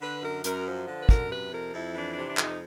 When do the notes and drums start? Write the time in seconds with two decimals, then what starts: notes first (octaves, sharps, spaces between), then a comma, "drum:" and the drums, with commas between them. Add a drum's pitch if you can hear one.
0.01 D3 B4
0.22 F#2 A#4
0.44 F#2 A#4, drum: hi-hat
0.66 F3
0.87 D3
1.01 B4
1.09 F#2 A#4, drum: kick
1.30 C3 B4
1.52 F2 A#4
1.73 F2 E4
1.94 E3 D4
2.11 D4
2.16 C3
2.26 D4
2.37 F2, drum: clap
2.43 D#4